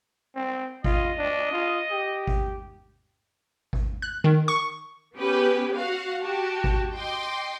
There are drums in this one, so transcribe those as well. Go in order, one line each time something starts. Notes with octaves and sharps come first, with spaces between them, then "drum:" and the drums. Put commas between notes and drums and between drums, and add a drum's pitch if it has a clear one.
C4
F4 D#5, drum: kick G#1
D4
F4
G4
drum: kick G#1
drum: kick G#1
F#6
D#3
C#6
B3 C#4 G4 G#4 B4
F#4 F5 F#5
F#4 G4 A5
drum: kick G#1
D#5 G5 C6 D6